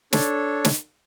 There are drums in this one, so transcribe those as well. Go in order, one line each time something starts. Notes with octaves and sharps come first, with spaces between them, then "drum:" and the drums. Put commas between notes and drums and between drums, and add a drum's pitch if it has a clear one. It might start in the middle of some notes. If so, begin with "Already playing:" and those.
D4 A4 C#5, drum: snare
drum: snare